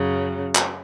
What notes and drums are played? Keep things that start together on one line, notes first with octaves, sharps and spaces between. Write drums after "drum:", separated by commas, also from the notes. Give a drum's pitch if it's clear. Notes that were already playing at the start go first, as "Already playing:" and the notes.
Already playing: F#2 C#3 F#3
drum: clap